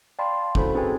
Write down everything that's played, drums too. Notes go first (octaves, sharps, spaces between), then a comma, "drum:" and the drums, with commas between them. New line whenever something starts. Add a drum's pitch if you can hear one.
D5 F5 G5 A5 B5 C6
C#4 E4 F#4 A4 C5 B5, drum: kick
C4 D#4 G#4 B4 G5 G#5